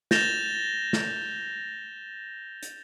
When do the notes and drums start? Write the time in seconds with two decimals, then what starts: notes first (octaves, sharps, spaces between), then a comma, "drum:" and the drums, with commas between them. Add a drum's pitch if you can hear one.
0.11 G6 A6 A#6 E7 F7 G7, drum: snare
0.93 drum: snare
2.63 drum: hi-hat